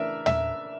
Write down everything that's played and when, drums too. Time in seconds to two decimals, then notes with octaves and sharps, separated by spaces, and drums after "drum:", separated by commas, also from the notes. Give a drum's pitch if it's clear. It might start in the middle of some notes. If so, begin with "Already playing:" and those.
Already playing: C#3 E3 A3 D4 A#4 E5
0.26 E5, drum: tom